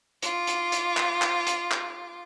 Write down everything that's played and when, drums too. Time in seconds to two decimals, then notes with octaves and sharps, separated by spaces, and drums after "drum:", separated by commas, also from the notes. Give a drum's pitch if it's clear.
0.22 F4 D6, drum: hi-hat
0.47 drum: hi-hat
0.72 drum: hi-hat
0.97 drum: clap
1.22 drum: clap
1.47 drum: hi-hat
1.71 drum: clap